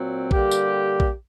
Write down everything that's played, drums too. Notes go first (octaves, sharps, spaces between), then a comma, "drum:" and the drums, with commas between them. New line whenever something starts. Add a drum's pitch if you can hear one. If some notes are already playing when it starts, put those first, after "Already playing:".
Already playing: A#2 F#3 C4
D3 G3 A#3 G4, drum: kick A#1
drum: tambourine
drum: kick A#1